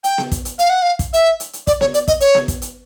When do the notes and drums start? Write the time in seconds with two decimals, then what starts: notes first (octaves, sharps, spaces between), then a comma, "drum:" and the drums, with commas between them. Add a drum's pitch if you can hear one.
0.04 G5, drum: hi-hat
0.18 drum: snare B3
0.32 drum: kick, hi-hat
0.45 drum: hi-hat
0.59 F5, drum: hi-hat
0.70 F#5
0.82 F5
0.99 drum: kick, hi-hat
1.13 E5, drum: hi-hat
1.40 drum: hi-hat
1.53 drum: hi-hat
1.67 D5, drum: kick, hi-hat
1.81 C#5, drum: snare B3
1.94 D5, drum: hi-hat
2.08 D#5, drum: kick, hi-hat
2.20 C#5, drum: hi-hat
2.35 drum: snare B3
2.48 drum: kick, hi-hat
2.62 drum: hi-hat